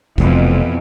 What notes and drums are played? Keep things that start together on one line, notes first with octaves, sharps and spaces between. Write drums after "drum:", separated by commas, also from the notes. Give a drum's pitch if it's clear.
F1 F2 B2 E3, drum: kick